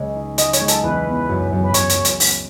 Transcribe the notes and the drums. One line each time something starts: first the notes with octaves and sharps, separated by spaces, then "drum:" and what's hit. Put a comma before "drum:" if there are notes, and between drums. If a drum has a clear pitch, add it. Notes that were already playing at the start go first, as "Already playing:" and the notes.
Already playing: C#2 G#3
D#4
G#3 D#5, drum: hi-hat
C#5, drum: hi-hat
G#3
A4, drum: hi-hat
E2 B4
B3
F#2
F#2
B4
F#2 C#5, drum: hi-hat
drum: hi-hat
drum: hi-hat
drum: open hi-hat